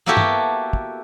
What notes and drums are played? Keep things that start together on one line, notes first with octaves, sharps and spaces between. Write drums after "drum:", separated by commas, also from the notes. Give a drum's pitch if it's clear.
A#3 B3 E4 F#4 G4 A4
drum: tom G2
drum: kick